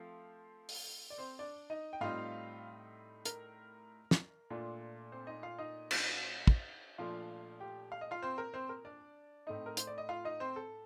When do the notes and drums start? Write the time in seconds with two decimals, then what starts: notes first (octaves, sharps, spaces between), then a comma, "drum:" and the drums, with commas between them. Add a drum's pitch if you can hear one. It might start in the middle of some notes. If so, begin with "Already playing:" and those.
Already playing: F3 A3 C4 F5
0.69 drum: open hi-hat
1.10 D5
1.18 C4 C5
1.39 D4 D5
1.70 D#4 D#5
1.93 G5
2.01 A2 G3 C4 D#4 F4 F5
3.25 A#4, drum: hi-hat
4.11 drum: snare
4.50 A#2 A3 D4 F4
5.12 C4 C5
5.27 D#4 D#5
5.43 F4 F5
5.58 D#4 D#5
5.91 drum: cymbal
6.47 drum: kick
6.98 A#2 F3 A3 D4 F4 F5
7.60 G4 G5
7.92 F5
8.01 D#5
8.11 F4 F5
8.22 C4 C5
8.38 A#4
8.54 C4 C5
8.69 A#4
8.85 D4 D5
9.47 A2 A3 C4 D#4 D#5
9.66 A#4
9.77 C5, drum: hi-hat
9.87 D5
9.98 D#5
10.09 F4 F5
10.25 D#4 D#5
10.40 C4 C5
10.56 A4